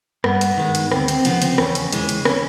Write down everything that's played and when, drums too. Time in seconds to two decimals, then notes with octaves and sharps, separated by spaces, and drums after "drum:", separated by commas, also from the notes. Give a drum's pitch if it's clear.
0.24 G2 B3, drum: rim click
0.41 drum: hi-hat
0.57 D#3 G#3
0.75 drum: hi-hat
0.91 D2 C4, drum: rim click
1.08 C4, drum: hi-hat
1.25 C#3 F3 B3, drum: hi-hat
1.42 C4, drum: hi-hat
1.58 E2 C#4, drum: rim click
1.75 drum: hi-hat
1.92 C#3 E3 G#3, drum: hi-hat
2.09 drum: hi-hat
2.25 C#4, drum: rim click